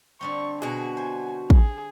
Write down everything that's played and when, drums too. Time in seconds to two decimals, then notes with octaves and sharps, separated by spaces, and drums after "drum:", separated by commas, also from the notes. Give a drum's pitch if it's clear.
0.21 D3 G3 C4 C#6
0.62 B2 F#4 G#4
0.97 C5 G#5
1.50 G#4, drum: kick